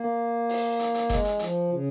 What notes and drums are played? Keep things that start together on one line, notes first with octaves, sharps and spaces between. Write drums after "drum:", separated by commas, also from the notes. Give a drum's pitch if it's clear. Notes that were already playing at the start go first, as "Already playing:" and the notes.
Already playing: A#3
drum: open hi-hat
drum: hi-hat
drum: hi-hat
G#3, drum: kick F#1, hi-hat
drum: hi-hat
F3, drum: hi-hat
C#3